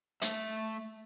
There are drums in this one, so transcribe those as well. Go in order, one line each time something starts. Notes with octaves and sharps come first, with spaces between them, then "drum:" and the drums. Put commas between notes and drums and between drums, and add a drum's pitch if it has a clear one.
A3 E5, drum: hi-hat